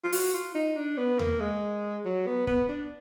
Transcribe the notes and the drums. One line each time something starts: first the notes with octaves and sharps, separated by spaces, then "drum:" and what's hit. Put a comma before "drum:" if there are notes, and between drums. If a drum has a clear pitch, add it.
F4
F#4, drum: open hi-hat
F4
D#4
D4
B3
A#3, drum: tom D#2
G#3
F#3
B3
B3, drum: kick
D4